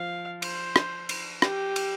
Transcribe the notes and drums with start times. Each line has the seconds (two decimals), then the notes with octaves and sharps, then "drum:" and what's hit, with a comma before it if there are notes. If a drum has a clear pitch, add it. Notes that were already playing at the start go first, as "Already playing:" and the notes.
Already playing: F3 F5
0.42 C5, drum: cymbal
0.76 drum: rim click
1.09 drum: cymbal
1.42 G4, drum: rim click
1.76 drum: cymbal